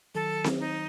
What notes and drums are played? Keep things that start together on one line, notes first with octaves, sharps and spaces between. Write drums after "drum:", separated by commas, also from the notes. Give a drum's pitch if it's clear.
D#3 F#3 A4
drum: snare C4
D#4